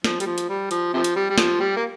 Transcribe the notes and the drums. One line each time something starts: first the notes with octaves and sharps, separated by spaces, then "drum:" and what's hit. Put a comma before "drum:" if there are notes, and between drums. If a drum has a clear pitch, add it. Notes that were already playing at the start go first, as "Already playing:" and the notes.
F3, drum: snare
G3, drum: hi-hat
F3
drum: hi-hat
G3
F3, drum: hi-hat
C3 F3
drum: hi-hat
G3
G3
F3, drum: snare
G3
A#3